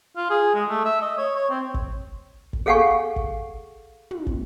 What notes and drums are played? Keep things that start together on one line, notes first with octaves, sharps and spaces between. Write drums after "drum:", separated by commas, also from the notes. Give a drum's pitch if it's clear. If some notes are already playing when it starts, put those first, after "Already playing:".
F4
G#4
G#3
A3
E5
D#5
C#5
C#5
C4
drum: kick
drum: kick
G#4 A4 F5 F#5 G#5 C#6
drum: kick
drum: tom
drum: kick